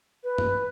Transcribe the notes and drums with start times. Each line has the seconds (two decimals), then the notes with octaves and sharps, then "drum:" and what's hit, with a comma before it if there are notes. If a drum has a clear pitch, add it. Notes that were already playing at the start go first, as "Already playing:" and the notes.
0.24 B4
0.38 drum: tom G2